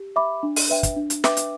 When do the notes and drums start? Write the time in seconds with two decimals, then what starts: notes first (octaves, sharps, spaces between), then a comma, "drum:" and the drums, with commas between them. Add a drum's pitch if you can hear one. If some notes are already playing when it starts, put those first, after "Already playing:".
Already playing: G4
0.16 E5 B5 D6
0.43 D4
0.56 drum: open hi-hat
0.70 B4 E5 G5
0.83 drum: kick, hi-hat
0.96 D4
1.10 drum: hi-hat
1.24 B4 E5 G5 D6, drum: snare
1.37 drum: hi-hat